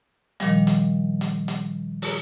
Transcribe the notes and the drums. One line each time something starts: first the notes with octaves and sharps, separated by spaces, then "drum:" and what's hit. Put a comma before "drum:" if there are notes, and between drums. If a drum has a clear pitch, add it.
A#2 D#3 F3 G3, drum: hi-hat
drum: hi-hat
drum: hi-hat
drum: hi-hat
drum: open hi-hat